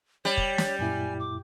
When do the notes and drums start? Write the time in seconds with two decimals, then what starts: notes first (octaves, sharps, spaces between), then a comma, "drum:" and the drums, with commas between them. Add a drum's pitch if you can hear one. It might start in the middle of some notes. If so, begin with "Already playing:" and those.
0.25 G3 C#5
0.37 drum: kick
0.58 drum: snare
0.79 F#2 A#2 E4 G#5
1.20 D6